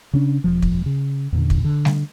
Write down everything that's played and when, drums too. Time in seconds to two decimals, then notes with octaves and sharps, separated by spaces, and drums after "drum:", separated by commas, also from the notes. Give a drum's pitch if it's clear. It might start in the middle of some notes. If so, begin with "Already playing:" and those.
0.13 C#3 C#4 D4
0.44 E1 F3
0.62 drum: kick
0.86 C#3
1.33 E2 A#2 D3
1.50 drum: kick
1.64 D3
1.85 drum: snare G3